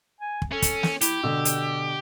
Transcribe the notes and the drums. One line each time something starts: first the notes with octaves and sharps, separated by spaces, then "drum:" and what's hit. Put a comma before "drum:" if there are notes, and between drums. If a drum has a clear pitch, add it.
G#5
drum: kick
C#4 A4
drum: kick, hi-hat
drum: snare
E4 G4, drum: hi-hat
B2 D3 E6
drum: hi-hat